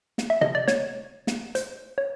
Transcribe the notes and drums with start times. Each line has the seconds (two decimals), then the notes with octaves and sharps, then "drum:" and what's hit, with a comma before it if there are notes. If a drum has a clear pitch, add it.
0.18 drum: snare
0.30 E5
0.41 D#5, drum: tom C3
0.55 D5
0.68 C#5, drum: snare
1.27 drum: snare
1.55 C5, drum: hi-hat
1.98 C#5